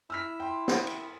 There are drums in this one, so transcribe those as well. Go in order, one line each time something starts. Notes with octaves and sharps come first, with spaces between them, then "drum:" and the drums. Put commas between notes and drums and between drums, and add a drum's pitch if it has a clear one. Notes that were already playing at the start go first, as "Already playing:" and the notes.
E4 E6 F6 B6
G5 C6
drum: snare
drum: cymbal